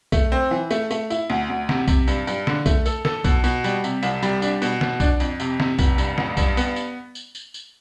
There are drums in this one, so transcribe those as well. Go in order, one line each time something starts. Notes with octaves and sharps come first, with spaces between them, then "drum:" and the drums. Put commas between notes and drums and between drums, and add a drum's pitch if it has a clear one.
A3, drum: kick, tambourine
C4
E3
A3, drum: tambourine
A3, drum: tambourine
E4, drum: tambourine
D2
D2
C3, drum: snare
C3, drum: kick, tambourine
G2, drum: tambourine
G2, drum: tambourine
D3, drum: snare
A3, drum: kick, tambourine
A4, drum: tambourine
A4, drum: snare
B2, drum: kick, tambourine
B2, drum: tambourine
G3, drum: tambourine
C3, drum: tambourine
C2, drum: tambourine
G3, drum: tambourine
D4, drum: tambourine
B2, drum: tambourine
B2, drum: snare
D4, drum: kick, tambourine
F2, drum: tambourine
C3, drum: tambourine
C3, drum: snare
F1, drum: kick, tambourine
G2, drum: tambourine
A1, drum: snare
G2, drum: kick, tambourine
B3, drum: tambourine
drum: tambourine
drum: tambourine
drum: tambourine
drum: tambourine